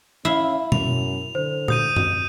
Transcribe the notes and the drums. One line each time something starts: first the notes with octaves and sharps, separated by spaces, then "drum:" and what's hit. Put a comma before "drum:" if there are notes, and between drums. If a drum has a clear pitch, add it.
C#4 E4 E5 F5
F#2 F7, drum: tom B2
D3 C5
D#6 G6 D#7, drum: tom A#2
drum: tom F#2